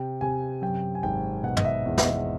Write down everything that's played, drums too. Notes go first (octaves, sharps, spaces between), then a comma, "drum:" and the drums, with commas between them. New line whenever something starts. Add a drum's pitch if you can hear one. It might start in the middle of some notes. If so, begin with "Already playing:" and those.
Already playing: C3 G5
C3 G#5
F#2 G5
G#5
G#1 G5
B2 F#5
D#5, drum: tom
E5
E2
E5, drum: snare
D#5